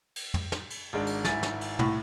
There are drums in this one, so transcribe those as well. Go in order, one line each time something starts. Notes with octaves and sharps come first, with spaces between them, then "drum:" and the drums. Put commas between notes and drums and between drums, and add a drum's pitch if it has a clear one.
drum: cymbal
drum: tom
drum: snare
drum: cymbal
G#1 G#3 D4
drum: cymbal
G#1 E4 G#5 A6, drum: snare
drum: snare
drum: cymbal
C2 A2, drum: tom